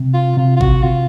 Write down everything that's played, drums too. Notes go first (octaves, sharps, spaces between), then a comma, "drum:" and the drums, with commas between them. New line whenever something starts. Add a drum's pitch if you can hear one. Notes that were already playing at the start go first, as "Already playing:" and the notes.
Already playing: C3
F4
C3 F4
F4
F#4, drum: kick G#1
C3 F4